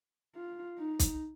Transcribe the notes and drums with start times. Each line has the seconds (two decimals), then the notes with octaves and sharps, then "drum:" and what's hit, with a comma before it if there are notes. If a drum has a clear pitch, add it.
0.35 F4
0.78 D#4
0.99 drum: kick, hi-hat